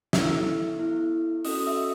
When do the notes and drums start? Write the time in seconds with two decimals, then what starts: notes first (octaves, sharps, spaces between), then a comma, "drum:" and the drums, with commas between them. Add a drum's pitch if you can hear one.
0.13 B3 E4 A4 E5 E6, drum: snare
0.79 B3 E4 A4
1.45 C#4 F#4 A4 D#5 D#6, drum: open hi-hat
1.60 D#6
1.67 E5 E6